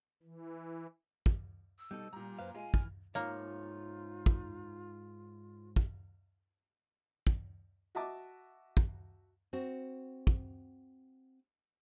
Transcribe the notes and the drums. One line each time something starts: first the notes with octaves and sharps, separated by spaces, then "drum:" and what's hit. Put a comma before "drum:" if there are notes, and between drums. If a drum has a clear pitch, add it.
E3
drum: kick
E6
B2 G3 D#4 A4
A#2 G3 A#5
F#2 B4 C5 F5
G#3 F4 G#5
E3 F6, drum: kick
G#2 A#3 D#4 F4 C#5
drum: kick
drum: kick
drum: kick
F#4 D#5 E5 A5 D6
drum: kick
C4 F#4
drum: kick